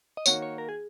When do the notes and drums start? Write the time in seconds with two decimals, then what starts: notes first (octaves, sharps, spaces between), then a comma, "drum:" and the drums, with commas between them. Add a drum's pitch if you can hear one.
0.17 D#5
0.26 D#3 A#3 F#4 C#5, drum: tambourine
0.42 C#5
0.58 A#4
0.69 G#4